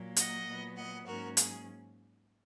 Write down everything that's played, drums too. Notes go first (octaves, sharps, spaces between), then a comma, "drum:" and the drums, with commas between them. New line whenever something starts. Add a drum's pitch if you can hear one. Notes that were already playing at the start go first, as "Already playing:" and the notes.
Already playing: A#2 F#3 A#3
D#5 F#5, drum: hi-hat
A#2 F#3 B3
D#5 F#5
G#2 F#3 A#3 C#4 F#4 A#4
G#4, drum: hi-hat